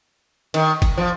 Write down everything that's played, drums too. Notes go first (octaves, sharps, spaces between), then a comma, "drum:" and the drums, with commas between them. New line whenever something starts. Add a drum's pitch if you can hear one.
D#3, drum: cymbal
drum: kick, cymbal
F3